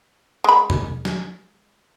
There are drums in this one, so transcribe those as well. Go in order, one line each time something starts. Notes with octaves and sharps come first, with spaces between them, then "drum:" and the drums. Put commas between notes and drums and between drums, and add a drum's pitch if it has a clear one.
G#3 B5
drum: tom E2
drum: snare